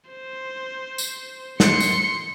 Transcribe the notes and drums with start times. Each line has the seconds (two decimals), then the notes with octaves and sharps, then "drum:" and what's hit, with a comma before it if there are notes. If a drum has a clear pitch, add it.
0.10 C5
0.98 drum: tambourine
1.60 C6 C#7, drum: snare
1.80 drum: tambourine